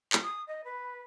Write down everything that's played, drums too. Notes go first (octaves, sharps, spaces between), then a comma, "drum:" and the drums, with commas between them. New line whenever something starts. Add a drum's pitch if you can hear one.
drum: clap
D#6
D#5
B4